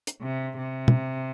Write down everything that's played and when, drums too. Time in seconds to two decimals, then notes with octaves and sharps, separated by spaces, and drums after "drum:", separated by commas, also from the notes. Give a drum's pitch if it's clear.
0.07 drum: hi-hat
0.22 C3
0.58 C3
0.88 drum: tom